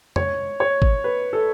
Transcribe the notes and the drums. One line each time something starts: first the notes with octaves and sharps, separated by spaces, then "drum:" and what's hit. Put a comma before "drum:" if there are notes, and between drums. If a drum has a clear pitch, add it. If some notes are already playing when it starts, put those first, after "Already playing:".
C#5, drum: tom F2
C#5
drum: kick
B4
A4